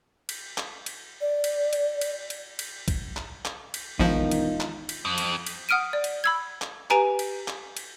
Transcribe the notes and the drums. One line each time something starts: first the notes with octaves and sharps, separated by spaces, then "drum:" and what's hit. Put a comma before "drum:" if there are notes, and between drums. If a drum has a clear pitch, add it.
drum: cymbal
drum: clap
drum: cymbal
D5
drum: cymbal
drum: cymbal
drum: cymbal
drum: cymbal
drum: cymbal
drum: kick, cymbal
drum: clap
drum: clap
drum: cymbal
E1 A#1 D#3 F3 D#4 F4
drum: cymbal
drum: clap
drum: cymbal
F2
drum: cymbal
drum: cymbal
F#5 D#6 F6 D7 D#7
D5
drum: cymbal
B5 E6 G#6
drum: clap
G4 B4 G#5 A#5 D7, drum: clap
drum: cymbal
drum: clap
drum: cymbal